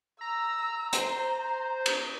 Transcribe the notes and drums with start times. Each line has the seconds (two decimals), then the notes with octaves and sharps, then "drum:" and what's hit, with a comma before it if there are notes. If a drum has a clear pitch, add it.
0.21 A#5 E6
0.93 C5 A#5, drum: hi-hat
1.86 drum: cymbal